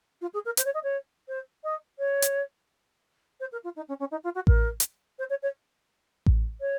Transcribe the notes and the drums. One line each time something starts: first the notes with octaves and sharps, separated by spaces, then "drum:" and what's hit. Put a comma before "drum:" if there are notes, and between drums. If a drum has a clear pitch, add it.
F4
G#4
A#4
C5, drum: hi-hat
C#5
D#5
C#5
C5
D#5
C#5
drum: hi-hat
C5
A#4
F4
D#4
C#4
C#4
D#4
F4
F#4
A#4, drum: kick A1
drum: hi-hat
C5
C#5
C#5
drum: kick A1
C#5